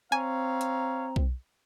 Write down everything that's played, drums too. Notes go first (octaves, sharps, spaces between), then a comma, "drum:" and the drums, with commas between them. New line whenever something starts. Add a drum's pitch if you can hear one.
C4 C#5 F5 G#5 A#5
drum: hi-hat
drum: kick B1